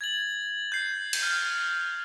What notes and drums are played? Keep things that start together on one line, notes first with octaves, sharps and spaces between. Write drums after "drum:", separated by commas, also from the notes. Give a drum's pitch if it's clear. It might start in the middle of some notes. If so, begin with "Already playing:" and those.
G#6 A6 F#7
G6 C7
drum: cymbal
F6